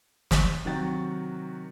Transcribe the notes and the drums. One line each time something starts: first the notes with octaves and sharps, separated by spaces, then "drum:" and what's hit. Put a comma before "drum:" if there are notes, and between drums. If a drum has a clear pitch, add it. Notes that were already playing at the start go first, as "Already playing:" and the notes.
drum: snare
C3 D#3 F#3 F#4 G5 A6